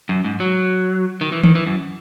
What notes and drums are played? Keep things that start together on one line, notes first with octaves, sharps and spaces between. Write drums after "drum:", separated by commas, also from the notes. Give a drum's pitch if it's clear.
F#2
G#2
F#3
D#3
E3
D#3, drum: tom D#3
E3
F#2